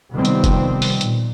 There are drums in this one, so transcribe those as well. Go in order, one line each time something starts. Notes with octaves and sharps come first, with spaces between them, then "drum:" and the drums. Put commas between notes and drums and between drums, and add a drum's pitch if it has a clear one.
C3 D#3 F3 G3 B3 C4
drum: hi-hat
drum: kick, hi-hat
drum: open hi-hat
A#2, drum: hi-hat